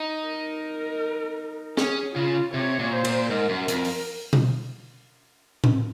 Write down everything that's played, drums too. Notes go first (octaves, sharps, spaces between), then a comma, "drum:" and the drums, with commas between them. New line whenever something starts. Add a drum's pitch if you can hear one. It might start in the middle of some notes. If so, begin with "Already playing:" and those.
Already playing: D#4
A#4
C#4 G#4, drum: snare
C#3 F4
C3 C#5
A#2
C5
A#2, drum: cymbal
G#2 A#4
F#2
F2 A#4, drum: hi-hat
drum: open hi-hat
drum: tom B2
drum: tom A2